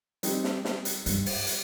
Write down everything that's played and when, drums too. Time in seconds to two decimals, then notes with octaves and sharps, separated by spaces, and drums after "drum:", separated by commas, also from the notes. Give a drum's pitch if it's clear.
0.23 G3 C4 D#4 G4, drum: hi-hat
0.44 drum: snare
0.65 drum: snare
0.85 drum: hi-hat
1.06 G2, drum: hi-hat
1.26 drum: open hi-hat
1.47 drum: hi-hat